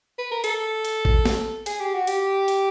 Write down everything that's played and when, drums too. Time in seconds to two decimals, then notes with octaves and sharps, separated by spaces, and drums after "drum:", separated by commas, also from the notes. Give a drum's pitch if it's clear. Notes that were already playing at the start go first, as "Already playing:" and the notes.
0.18 B4
0.31 A#4
0.44 A4, drum: hi-hat
0.85 drum: hi-hat
1.05 drum: kick A1
1.25 drum: snare
1.66 G#4, drum: hi-hat
1.80 G4
1.94 F#4
2.07 G4, drum: hi-hat
2.48 drum: hi-hat